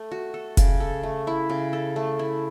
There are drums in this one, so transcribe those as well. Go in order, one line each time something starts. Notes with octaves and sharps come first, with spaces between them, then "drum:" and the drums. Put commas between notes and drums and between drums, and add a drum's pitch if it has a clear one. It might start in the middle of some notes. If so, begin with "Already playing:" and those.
Already playing: A3 A4
F#4
A4
C#3, drum: kick, hi-hat
A4
A3
E4
C#3
A4
A3
E4